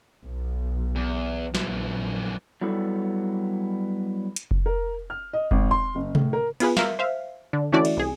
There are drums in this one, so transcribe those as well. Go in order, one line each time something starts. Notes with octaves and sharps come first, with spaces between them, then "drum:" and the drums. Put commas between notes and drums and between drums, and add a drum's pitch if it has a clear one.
B1
E2
A#1 F#2 E3, drum: snare
F#3 G3 B3 E4 A4
drum: hi-hat
drum: kick F1
A#4
F6
D#5
G#1, drum: kick F1
C6
F#1
A2, drum: tom C3
A#4
B3 F4 G#4 B4, drum: cymbal
A#4 E5 F5, drum: snare
C5 E5 F5
D3
E3 A3 C#4 E4 F#4 D5
drum: cymbal
C2 G#4